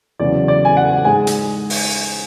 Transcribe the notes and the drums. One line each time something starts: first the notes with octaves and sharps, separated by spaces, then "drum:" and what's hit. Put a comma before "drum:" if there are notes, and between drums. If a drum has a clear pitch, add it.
E2 C#3 F#3 D5
D5
G#5
F#5
G#2 G#3 G#5
drum: hi-hat
drum: open hi-hat